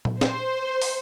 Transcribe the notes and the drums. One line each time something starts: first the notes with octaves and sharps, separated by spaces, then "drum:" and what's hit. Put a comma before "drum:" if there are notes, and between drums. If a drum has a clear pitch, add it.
drum: tom A#2
C5, drum: snare
drum: open hi-hat